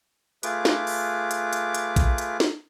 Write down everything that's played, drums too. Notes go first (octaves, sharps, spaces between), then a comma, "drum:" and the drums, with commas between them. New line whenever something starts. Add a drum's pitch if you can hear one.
A3 F4 G#4 B4 D6, drum: hi-hat
drum: snare
drum: open hi-hat
drum: hi-hat
drum: hi-hat
drum: hi-hat
drum: kick A#1, hi-hat
drum: hi-hat
drum: snare